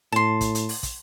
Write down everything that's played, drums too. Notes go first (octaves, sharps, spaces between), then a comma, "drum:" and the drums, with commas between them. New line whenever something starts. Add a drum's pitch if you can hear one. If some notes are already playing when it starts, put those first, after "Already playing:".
A2 A5 C6
drum: kick, hi-hat
drum: hi-hat
drum: open hi-hat
drum: kick, hi-hat